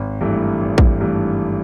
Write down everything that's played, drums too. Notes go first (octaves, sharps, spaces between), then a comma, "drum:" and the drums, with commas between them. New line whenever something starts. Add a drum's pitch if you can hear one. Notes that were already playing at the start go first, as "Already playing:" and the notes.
Already playing: G#1
G2 E3 A3
G#1
drum: kick
G2 E3 A3